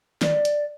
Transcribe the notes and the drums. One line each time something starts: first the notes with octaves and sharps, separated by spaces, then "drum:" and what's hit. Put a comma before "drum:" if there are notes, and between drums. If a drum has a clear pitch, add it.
D5, drum: snare
drum: hi-hat